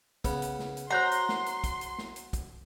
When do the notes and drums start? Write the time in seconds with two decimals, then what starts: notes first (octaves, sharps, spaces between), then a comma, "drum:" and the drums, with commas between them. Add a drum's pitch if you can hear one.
0.25 C#3 B3, drum: kick, hi-hat
0.42 drum: hi-hat
0.59 drum: snare
0.77 drum: hi-hat
0.90 F#4 C5 C#5 F#5 A#5 C6
1.11 drum: hi-hat
1.29 drum: snare
1.46 drum: hi-hat
1.64 drum: kick, hi-hat
1.81 drum: hi-hat
1.98 drum: snare
2.16 drum: hi-hat
2.33 drum: kick, hi-hat